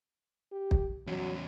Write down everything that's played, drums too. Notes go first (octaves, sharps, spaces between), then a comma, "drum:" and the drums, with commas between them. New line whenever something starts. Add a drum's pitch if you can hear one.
G4
drum: kick
E2 F#3 C#4